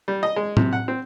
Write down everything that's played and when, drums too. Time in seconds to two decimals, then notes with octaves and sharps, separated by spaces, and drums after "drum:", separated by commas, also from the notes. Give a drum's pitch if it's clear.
0.08 G3
0.23 D#5
0.36 G#3
0.57 C3, drum: tom A2
0.73 F#5
0.88 C4